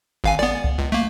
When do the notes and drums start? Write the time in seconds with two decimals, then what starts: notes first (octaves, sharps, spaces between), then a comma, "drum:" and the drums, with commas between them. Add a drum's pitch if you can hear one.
0.24 G#1 F5 G#5
0.39 B3 D5, drum: rim click
0.64 drum: kick
0.78 C#2
0.92 A3 A#3